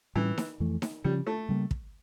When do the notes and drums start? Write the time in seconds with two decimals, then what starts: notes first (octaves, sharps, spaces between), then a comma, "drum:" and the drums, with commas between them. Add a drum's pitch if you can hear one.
0.15 A2 E3 G3 C#4
0.38 drum: snare D#4
0.60 F2 E3 A3
0.82 drum: snare D#4
1.04 C#3 F3 G3 C#4
1.27 A3
1.49 C#3 G3 A#3
1.71 drum: kick